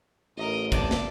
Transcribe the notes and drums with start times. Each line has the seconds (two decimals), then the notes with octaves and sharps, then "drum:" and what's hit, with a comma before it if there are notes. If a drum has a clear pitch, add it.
0.37 A1 A#4 D#5
0.72 E2 C3 D5 A5, drum: kick, hi-hat
0.91 drum: snare